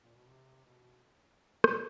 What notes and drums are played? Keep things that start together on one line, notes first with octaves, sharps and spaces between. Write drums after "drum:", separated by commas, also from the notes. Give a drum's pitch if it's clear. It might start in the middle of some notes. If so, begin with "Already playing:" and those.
A#2
B2
C3
B2
drum: rim click